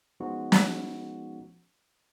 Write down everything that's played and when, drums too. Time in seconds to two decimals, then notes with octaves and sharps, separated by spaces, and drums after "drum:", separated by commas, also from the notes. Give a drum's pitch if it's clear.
0.20 F3 G#3 B3 C#4 D#4 F#4
0.52 drum: snare